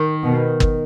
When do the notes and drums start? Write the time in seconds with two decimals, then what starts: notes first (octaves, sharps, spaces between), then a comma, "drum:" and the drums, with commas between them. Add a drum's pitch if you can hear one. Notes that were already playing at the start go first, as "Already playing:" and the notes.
Already playing: D#3
0.23 B2
0.60 drum: kick G1